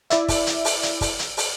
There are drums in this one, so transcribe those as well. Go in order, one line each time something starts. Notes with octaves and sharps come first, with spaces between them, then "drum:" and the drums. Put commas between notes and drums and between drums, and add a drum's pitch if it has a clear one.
E4 D5 E5, drum: hi-hat
drum: kick, open hi-hat
drum: hi-hat
drum: open hi-hat
drum: hi-hat
drum: kick, open hi-hat
drum: hi-hat
drum: open hi-hat